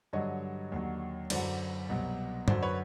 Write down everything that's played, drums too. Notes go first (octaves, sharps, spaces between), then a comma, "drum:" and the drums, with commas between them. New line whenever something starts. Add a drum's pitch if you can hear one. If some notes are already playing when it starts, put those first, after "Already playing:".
G2 D3 F#3 C#5 D#5
D#2 D3 F#3
F#2 D3 F#3 C5 D5, drum: cymbal
C2 B2 F#3
F#2 D3 F#3 C5 D5, drum: tom
B4 C#5